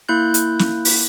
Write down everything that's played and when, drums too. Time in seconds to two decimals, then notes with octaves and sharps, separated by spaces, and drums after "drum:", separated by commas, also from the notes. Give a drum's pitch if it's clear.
0.09 A#3 E4 F#6 G6
0.34 drum: hi-hat
0.59 drum: snare
0.85 drum: open hi-hat